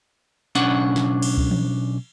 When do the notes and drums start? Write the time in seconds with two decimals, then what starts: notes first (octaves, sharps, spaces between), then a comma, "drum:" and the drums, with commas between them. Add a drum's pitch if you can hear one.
0.55 B1 C#4 D4 F#5, drum: hi-hat
0.96 drum: snare
1.22 drum: cymbal
1.37 drum: kick C#2
1.51 drum: tom E3